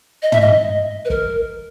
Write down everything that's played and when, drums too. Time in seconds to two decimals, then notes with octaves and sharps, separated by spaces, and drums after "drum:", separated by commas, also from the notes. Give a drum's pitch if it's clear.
0.23 D#5
0.32 E5, drum: tom
0.41 D#5
1.05 B4
1.10 A#4, drum: kick